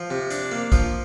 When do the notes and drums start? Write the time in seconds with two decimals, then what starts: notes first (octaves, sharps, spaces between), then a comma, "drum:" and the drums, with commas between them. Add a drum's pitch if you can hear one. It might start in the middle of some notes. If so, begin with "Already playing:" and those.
Already playing: F3
0.10 C3
0.31 D4, drum: hi-hat
0.52 A#3
0.72 F3, drum: kick, hi-hat